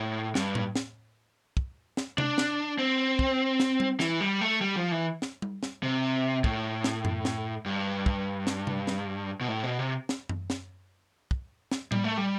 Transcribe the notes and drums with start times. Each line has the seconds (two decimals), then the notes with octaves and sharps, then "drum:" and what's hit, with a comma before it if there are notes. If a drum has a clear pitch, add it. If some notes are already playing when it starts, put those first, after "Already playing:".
Already playing: A2
0.35 G2, drum: snare
0.55 drum: tom A2
0.76 drum: snare
1.57 drum: kick
1.97 drum: snare
2.18 D4, drum: tom C3
2.38 drum: snare
2.79 C4
3.19 drum: kick
3.60 drum: snare
3.80 drum: tom G3
4.00 E3, drum: snare
4.20 G3
4.41 A3
4.61 G3
4.76 F3
4.92 E3
5.22 drum: snare
5.42 drum: tom G3
5.63 drum: snare
5.83 C3
6.44 A2, drum: kick
6.84 drum: snare
7.05 drum: tom F#2
7.25 drum: snare
7.66 G2
8.06 drum: kick
8.47 drum: snare
8.67 drum: tom C3
8.87 drum: snare
9.41 B2
9.48 A2
9.63 B2
9.79 C3
10.09 drum: snare
10.29 drum: tom F#2
10.50 drum: snare
11.31 drum: kick
11.72 drum: snare
11.92 G3, drum: tom A2
12.04 A3
12.17 G3